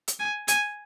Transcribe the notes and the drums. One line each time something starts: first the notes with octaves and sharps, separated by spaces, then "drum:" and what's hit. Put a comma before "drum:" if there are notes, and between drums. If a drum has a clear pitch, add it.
drum: hi-hat
G#5
G#5, drum: hi-hat